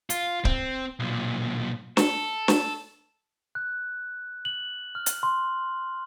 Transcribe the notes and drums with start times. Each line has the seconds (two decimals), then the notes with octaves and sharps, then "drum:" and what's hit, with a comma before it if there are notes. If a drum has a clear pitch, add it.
0.10 F4, drum: hi-hat
0.45 C4, drum: kick C#1
1.00 B1 A#2
1.97 A4, drum: snare
2.48 drum: snare
3.55 F#6
4.45 F#7
4.95 F6
5.06 drum: hi-hat
5.23 C6